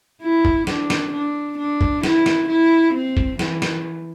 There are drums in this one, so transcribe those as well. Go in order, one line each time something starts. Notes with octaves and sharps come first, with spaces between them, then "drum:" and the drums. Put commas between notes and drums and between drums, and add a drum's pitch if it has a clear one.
E4
drum: kick
D4, drum: snare
drum: snare
D4
D4
drum: kick
E4, drum: snare
drum: snare
E4
C4
drum: kick
E3, drum: snare
drum: snare